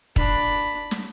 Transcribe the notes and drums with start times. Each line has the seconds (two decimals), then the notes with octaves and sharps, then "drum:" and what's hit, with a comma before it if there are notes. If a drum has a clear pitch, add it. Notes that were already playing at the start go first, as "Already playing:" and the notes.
0.16 D4 B5, drum: kick
0.91 drum: snare